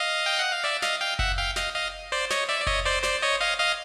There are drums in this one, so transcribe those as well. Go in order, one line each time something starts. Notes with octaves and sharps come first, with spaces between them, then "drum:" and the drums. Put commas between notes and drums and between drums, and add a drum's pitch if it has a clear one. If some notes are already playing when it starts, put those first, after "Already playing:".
Already playing: D#5 F5
G5
F#5
F5
D5 E5
D#5 F5, drum: snare
F5 G5
E5 F#5, drum: kick F#1
F5 G5
D#5 F5, drum: snare
D#5 F5
C5 D5
C#5 D#5, drum: snare
D5 E5
D5
C#5 D#5, drum: kick F#1
C5 D5
C5 D5, drum: snare
C#5 D#5
D#5 F5
D#5 F5